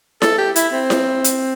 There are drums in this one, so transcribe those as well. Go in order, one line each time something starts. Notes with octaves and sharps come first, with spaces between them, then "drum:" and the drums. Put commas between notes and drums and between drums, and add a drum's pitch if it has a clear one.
A4, drum: snare E4
G4
E4, drum: hi-hat
C4
drum: snare E4
drum: hi-hat